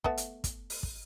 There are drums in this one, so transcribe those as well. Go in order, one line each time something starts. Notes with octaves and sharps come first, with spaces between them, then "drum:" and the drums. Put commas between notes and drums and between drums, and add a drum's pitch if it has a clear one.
A3 B3 E5, drum: kick
drum: hi-hat
drum: kick, hi-hat
drum: open hi-hat
drum: kick